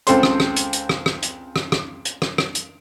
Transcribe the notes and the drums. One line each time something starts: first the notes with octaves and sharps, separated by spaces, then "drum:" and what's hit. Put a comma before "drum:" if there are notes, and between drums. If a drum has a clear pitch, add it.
C#2 C4 A4 C5 C6, drum: hi-hat
drum: rim click
drum: rim click
drum: hi-hat
drum: hi-hat
drum: rim click
drum: rim click
drum: hi-hat
drum: rim click
drum: rim click
drum: hi-hat
drum: rim click
drum: rim click
drum: hi-hat